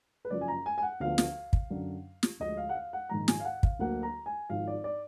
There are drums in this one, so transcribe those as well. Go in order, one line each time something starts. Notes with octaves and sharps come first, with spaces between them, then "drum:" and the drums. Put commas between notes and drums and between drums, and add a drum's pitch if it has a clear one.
B4
F#1 F#2 F3 D5
G#5
A#5
G#5
G#5
F#5
D2 D3 F3 B3 F5
drum: snare
drum: kick
F#2 D3 F#3 D4
drum: snare
D2 D3 F3 G#3 D#5
F5
F#5
F5
F#5
A#1 G#2 D#3 A#5
G#5, drum: snare
F5
F#5
F5, drum: kick
D2 D3 F#3 A#3 F#5
A#5
G#5
G#1 G#2 F3 F5
D5
D5